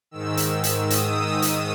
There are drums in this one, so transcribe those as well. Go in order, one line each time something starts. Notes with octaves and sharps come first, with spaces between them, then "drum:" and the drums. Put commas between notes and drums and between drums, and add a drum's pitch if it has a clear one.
G#2 D#3 E6
drum: hi-hat
drum: hi-hat
D#6, drum: hi-hat
drum: hi-hat